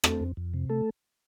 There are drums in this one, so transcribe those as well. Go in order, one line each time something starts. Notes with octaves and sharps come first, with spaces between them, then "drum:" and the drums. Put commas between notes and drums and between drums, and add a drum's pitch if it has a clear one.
A3 C4 A4, drum: rim click
F2
F2
C3
A3 A4